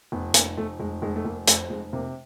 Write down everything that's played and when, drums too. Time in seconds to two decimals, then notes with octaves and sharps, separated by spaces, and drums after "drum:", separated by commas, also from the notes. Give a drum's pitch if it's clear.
0.12 F1 B3
0.34 F1 A#3, drum: hi-hat
0.57 F1 A3
0.80 F1 G#3
1.02 F1 G#3
1.16 A3
1.25 F1 A#3
1.47 F2 A3, drum: hi-hat
1.70 F1 G#3
1.93 C3 A#3